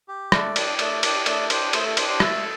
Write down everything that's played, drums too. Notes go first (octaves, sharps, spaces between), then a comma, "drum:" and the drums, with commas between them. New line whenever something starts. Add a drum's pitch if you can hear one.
G4
A3 D4 D5, drum: rim click
D4 G4, drum: cymbal
A3 D4 D5, drum: cymbal
D4 G4, drum: cymbal
A3 D4 D5, drum: cymbal
D4 G4 C5, drum: cymbal
A3 C5, drum: cymbal
A4
D4 G4 C5, drum: cymbal
C5 C6
A3 A4 A5, drum: rim click